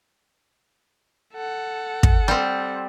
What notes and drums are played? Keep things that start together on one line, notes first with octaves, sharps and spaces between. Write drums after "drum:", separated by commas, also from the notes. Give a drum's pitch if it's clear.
A4 F#5
drum: kick
G3 C4